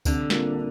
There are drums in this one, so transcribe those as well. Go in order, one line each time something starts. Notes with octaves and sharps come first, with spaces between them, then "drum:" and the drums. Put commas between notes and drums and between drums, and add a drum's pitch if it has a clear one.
C2 D3, drum: kick C#2, tambourine
C3 G3 A#3 F4, drum: snare